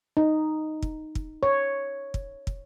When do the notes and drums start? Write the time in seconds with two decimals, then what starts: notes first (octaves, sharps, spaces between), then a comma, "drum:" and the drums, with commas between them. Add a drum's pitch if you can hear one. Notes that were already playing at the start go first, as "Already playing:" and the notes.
0.17 D#4
0.82 drum: kick
1.15 drum: kick
1.43 C#5
2.14 drum: kick
2.47 drum: kick